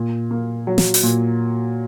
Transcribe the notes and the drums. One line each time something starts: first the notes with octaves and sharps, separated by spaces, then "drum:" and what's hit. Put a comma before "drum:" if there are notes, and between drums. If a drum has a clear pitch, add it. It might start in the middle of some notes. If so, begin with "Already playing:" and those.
Already playing: A#2
A#3
F#3
drum: snare
drum: open hi-hat
A#2